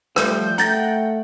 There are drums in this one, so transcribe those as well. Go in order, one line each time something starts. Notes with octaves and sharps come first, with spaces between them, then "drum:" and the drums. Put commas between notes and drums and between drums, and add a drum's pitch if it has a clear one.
F3 G3 A3 G6, drum: rim click
A3 F#5 G5 A#5 A6 A#6, drum: hi-hat